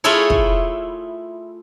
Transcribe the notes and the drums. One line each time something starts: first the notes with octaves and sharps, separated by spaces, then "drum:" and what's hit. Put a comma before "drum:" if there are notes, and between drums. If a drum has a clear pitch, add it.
A3 E4 F4 G#4 A4 C#5
drum: kick